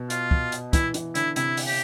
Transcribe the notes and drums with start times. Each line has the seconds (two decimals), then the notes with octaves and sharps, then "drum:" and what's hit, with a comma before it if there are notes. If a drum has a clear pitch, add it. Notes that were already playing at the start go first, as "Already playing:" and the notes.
Already playing: B2
0.10 F4, drum: hi-hat
0.31 drum: kick
0.52 drum: hi-hat
0.73 E3 E4, drum: kick, hi-hat
0.94 E3, drum: hi-hat
1.15 D3 E4, drum: hi-hat
1.36 C3 E4, drum: hi-hat
1.57 drum: open hi-hat
1.67 G4